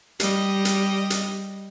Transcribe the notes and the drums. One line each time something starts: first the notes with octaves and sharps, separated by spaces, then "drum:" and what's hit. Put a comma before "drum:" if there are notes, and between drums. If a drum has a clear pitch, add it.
G3 D#5, drum: hi-hat
drum: hi-hat
drum: hi-hat